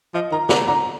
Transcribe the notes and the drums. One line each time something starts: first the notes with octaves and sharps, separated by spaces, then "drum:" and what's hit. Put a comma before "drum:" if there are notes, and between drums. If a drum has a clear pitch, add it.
F3 D#5
D#3 A#5
D3 A#5, drum: snare
D3 A#5